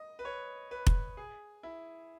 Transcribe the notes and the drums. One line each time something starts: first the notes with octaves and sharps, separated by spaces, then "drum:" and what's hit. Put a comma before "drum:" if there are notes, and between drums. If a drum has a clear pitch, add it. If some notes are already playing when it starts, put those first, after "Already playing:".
Already playing: D#5
B4
C#5
B4
drum: kick F1
G#4
E4